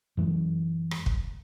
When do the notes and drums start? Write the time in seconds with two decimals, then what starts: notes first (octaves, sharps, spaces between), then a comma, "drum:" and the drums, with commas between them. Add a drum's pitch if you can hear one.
0.17 F#2 E3 G#3
0.91 drum: rim click
1.06 drum: kick